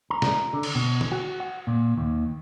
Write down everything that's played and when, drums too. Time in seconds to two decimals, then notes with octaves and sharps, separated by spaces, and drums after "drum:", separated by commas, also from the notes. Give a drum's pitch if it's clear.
0.10 A#5
0.22 drum: snare
0.53 D3
0.63 drum: cymbal
0.75 B2
1.01 drum: tom
1.12 F#4
1.40 F#5
1.67 A#2
1.97 D#2